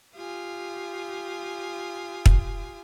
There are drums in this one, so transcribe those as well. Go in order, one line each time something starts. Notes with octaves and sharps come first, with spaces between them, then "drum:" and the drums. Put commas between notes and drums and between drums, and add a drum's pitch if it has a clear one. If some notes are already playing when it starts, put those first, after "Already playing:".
F4 G4 G#5 D#6
drum: kick